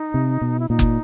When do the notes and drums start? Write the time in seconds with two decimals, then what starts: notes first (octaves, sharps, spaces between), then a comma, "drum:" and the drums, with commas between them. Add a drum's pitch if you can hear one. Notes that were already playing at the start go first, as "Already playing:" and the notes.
Already playing: D#4
0.14 C3
0.41 B2
0.60 E4
0.69 A#2 D#4
0.79 drum: kick F#1